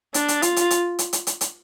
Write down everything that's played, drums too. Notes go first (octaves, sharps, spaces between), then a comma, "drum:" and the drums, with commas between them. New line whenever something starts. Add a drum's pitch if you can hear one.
D4, drum: hi-hat
drum: hi-hat
F4, drum: hi-hat
drum: hi-hat
drum: hi-hat
drum: hi-hat
drum: hi-hat
drum: hi-hat
drum: hi-hat